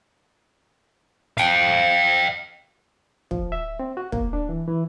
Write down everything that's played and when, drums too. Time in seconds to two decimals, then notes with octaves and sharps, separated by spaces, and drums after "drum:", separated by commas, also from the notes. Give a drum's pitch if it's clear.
1.38 F5 G5, drum: hi-hat
3.31 F3, drum: kick
3.52 E5
3.79 C4
3.97 F#4
4.12 A#3, drum: kick
4.33 D4
4.49 E3
4.68 E3